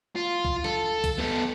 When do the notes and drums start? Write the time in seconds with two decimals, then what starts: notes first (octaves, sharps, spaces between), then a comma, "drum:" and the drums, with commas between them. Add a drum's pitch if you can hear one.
0.16 F4
0.45 drum: kick B1
0.64 A4, drum: snare
1.04 drum: kick B1, hi-hat
1.18 B3 A4